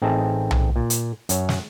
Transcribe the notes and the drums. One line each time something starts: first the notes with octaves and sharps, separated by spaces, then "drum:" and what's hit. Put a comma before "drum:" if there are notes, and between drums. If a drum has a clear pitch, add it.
A1 C4 D#4 G#4 E5 A5
drum: tom B1
A#2
drum: hi-hat
F#2 C#5, drum: hi-hat
drum: snare